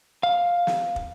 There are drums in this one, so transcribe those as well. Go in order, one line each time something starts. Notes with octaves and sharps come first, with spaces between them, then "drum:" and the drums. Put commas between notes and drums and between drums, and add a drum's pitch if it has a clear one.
F5
drum: snare
drum: kick